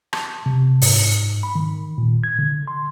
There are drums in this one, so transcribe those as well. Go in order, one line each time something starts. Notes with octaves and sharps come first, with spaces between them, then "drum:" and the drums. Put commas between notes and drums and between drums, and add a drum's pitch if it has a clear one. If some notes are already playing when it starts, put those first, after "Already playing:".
A5, drum: rim click
C3
G#2, drum: open hi-hat
B5
D#3
A#2
G#6
D3
C6